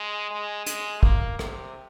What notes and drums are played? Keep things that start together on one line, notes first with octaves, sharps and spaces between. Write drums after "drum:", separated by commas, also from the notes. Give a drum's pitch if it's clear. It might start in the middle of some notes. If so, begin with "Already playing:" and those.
Already playing: G#3
G#3
G#3, drum: hi-hat
A#3, drum: kick
C3, drum: rim click